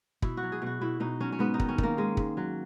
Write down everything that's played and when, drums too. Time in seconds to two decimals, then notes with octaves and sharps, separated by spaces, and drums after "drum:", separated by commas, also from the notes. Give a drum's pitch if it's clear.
0.22 B2 E4, drum: kick
0.37 F#4
0.43 F#3
0.52 G#4
0.62 B2 F#4
0.81 B2 E4
1.00 B2 D#4
1.20 F#3 C#4
1.32 C#4
1.39 G#2 B3
1.54 D#4
1.60 D#3, drum: kick
1.69 C#4
1.78 D#3 A#3, drum: kick
1.97 G#2 G#3
2.17 G#2, drum: kick
2.37 F#3